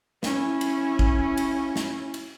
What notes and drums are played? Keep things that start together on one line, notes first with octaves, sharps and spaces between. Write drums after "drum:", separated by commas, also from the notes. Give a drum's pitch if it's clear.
C#4 E4, drum: snare
drum: cymbal
drum: kick
drum: cymbal
drum: snare
drum: cymbal